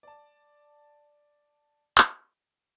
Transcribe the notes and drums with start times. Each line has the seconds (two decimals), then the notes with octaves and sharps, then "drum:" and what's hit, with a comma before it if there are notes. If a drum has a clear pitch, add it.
0.03 D5 A5
1.98 drum: clap